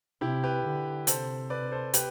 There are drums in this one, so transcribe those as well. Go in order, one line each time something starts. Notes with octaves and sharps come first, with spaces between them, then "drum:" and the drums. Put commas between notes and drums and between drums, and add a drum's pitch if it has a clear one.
C3 E4 G4
G4 B4
D3
C3 A4 C5, drum: hi-hat
B4 D5
A4 C5
G4 B4, drum: hi-hat